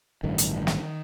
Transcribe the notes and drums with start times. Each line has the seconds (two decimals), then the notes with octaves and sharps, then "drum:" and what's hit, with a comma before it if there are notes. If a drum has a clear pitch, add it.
0.23 A1 G2 D3 D#3
0.38 drum: hi-hat
0.67 drum: snare